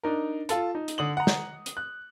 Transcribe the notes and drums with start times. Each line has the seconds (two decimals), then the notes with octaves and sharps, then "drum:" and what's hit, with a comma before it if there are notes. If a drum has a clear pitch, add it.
0.03 D4 D#4 A#4
0.49 F4 A4 A5, drum: hi-hat
0.75 D#4
0.88 drum: hi-hat
0.98 D3 D#6 F#7
1.17 F#5 A#5
1.27 drum: snare
1.66 drum: hi-hat
1.77 F#6